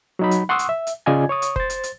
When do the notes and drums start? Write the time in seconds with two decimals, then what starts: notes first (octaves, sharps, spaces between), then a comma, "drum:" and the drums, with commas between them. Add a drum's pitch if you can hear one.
0.19 F#3 D#4 B5
0.31 drum: hi-hat
0.49 F#5 C6 C#6 D#6 E6 F#6
0.59 drum: hi-hat
0.69 E5
0.87 drum: hi-hat
1.06 C#3 F4 D5 D#5 G#5 G#6
1.29 C#5 C#6 D#6
1.42 drum: hi-hat
1.56 C5 A6, drum: kick F#1
1.70 drum: hi-hat
1.83 drum: hi-hat